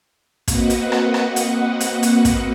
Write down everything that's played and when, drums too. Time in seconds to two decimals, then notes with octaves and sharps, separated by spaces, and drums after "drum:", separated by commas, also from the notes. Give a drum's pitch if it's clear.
0.48 A#3 C4 F#4 B4 D#5 F#5, drum: kick, hi-hat
0.70 drum: hi-hat
0.92 drum: rim click
1.14 drum: rim click
1.36 drum: hi-hat
1.80 drum: hi-hat
2.03 drum: hi-hat
2.25 drum: kick, hi-hat